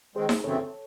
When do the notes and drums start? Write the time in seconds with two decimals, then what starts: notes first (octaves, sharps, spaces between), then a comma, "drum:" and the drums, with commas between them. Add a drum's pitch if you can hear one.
0.16 D#3 G#3 C4 G#4 C5
0.29 drum: snare D#4
0.44 F#2 C#3 E3 A3 C4 A4 C#5